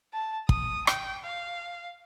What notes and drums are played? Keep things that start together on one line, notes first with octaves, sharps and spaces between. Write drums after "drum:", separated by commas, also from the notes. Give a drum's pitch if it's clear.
A5
D#6, drum: kick
G5, drum: rim click
F5